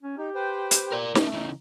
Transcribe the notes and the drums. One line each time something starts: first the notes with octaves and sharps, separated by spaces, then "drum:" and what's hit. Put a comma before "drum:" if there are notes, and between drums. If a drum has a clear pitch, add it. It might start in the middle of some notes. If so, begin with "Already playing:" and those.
C#4
D#4 G4
B4 C5 G5
drum: hi-hat
A#4 D5
A3 C#4 D#4, drum: snare
C#3 E3 D#4